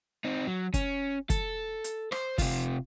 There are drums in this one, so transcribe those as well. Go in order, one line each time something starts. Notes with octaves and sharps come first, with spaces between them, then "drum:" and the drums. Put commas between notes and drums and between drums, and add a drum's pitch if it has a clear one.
C4 D#4
F#3
C#4, drum: kick, hi-hat
A4, drum: kick, hi-hat
drum: hi-hat
C5, drum: rim click
C3 F4, drum: kick, open hi-hat